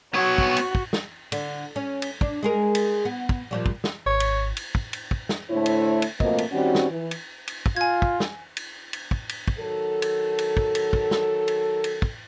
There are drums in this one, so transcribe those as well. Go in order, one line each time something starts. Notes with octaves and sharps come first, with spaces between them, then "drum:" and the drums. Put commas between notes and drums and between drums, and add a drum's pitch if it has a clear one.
B3 F#4 C#5
drum: kick
drum: cymbal
drum: kick
drum: snare
D3, drum: cymbal
C#4
drum: cymbal
D4, drum: kick
G#3 G#4 A#4
drum: cymbal
B3
drum: kick
A#2 F3 G3
drum: kick
drum: snare
G#1 C#5
drum: cymbal
drum: cymbal
drum: kick
drum: cymbal
drum: kick
drum: snare
A2 D3 A3 E4 C5 C#5
drum: cymbal
drum: cymbal
B2 F3 A3 A#3 C4 D#5, drum: kick
drum: cymbal
D#3 G3 C4 C#4 F#4
drum: snare
E3
drum: cymbal
drum: cymbal
drum: kick
F4 G#5 G#6
drum: kick
drum: snare
drum: cymbal
drum: cymbal
drum: kick
drum: cymbal
drum: kick
D#3 F#3 A4
drum: cymbal
drum: cymbal
drum: kick
drum: cymbal
drum: kick
drum: snare
drum: cymbal
drum: cymbal
drum: kick